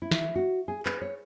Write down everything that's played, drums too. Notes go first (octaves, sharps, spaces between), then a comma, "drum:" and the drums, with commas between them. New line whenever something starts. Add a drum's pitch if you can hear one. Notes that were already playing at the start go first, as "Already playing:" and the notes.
E4
drum: snare
F#4
G#4
B4, drum: clap
C#5